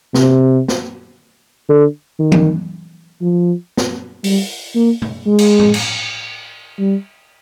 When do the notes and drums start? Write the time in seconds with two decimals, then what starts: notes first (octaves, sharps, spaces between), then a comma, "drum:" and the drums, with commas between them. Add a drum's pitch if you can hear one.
0.15 C3, drum: snare
0.68 drum: snare
1.69 D3
2.19 D#3
2.32 drum: tom
3.21 F3
3.77 drum: snare
4.24 G3, drum: open hi-hat
4.75 A#3
5.02 drum: tom
5.26 G#3
5.38 drum: cymbal
5.59 drum: tom
5.74 drum: cymbal
6.79 G3